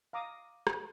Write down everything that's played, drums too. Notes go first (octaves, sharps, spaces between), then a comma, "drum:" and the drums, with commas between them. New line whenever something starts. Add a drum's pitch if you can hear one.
F5 A#5 D6 D#6
drum: rim click